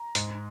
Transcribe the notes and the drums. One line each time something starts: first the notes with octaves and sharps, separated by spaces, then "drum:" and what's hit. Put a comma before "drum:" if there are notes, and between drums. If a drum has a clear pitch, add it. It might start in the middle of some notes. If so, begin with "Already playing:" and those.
Already playing: A#5
G#2, drum: hi-hat